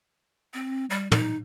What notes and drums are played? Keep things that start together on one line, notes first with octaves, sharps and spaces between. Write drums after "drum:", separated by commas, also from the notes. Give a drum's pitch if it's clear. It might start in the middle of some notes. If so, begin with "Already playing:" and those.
C4
G3
D#4, drum: tom